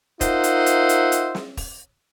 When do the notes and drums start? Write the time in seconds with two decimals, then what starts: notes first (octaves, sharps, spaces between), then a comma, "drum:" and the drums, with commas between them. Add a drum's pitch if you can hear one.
0.21 D#4 F4 A#4 C5 E5 F#5, drum: kick E1, hi-hat
0.44 drum: hi-hat
0.66 drum: hi-hat
0.89 drum: hi-hat
1.12 drum: hi-hat
1.35 drum: snare
1.57 drum: kick E1, open hi-hat